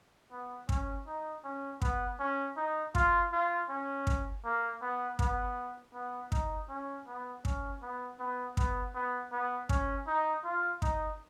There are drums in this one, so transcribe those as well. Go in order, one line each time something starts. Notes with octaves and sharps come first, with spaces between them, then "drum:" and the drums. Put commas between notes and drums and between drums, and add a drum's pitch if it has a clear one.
B3
C#4, drum: kick
D#4
C#4
B3, drum: kick
C#4
D#4
F4, drum: kick
F4
C#4
drum: kick
A#3
B3
B3, drum: kick
B3
D#4, drum: kick
C#4
B3
C#4, drum: kick
B3
B3
B3, drum: kick
B3
B3
C#4, drum: kick
D#4
F4
D#4, drum: kick